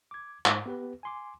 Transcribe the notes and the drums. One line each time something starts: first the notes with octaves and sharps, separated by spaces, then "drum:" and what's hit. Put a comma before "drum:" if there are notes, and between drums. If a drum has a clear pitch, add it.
D6 G#6
G#2, drum: clap
B3 G4 B4
G#5 C6 D6